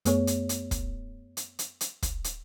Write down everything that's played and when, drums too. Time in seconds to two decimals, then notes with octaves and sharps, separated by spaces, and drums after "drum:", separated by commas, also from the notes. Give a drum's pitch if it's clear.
0.05 F#2 A3 B3 G#4 C#5, drum: hi-hat
0.27 drum: hi-hat
0.49 drum: hi-hat
0.71 drum: kick, hi-hat
1.37 drum: hi-hat
1.59 drum: hi-hat
1.81 drum: hi-hat
2.02 drum: kick, hi-hat
2.24 drum: hi-hat